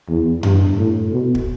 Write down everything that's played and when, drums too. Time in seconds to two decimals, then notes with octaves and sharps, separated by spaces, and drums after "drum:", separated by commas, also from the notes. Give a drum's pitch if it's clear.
0.09 E2
0.43 G2, drum: tom F#2
0.77 A2
1.12 B2
1.35 drum: kick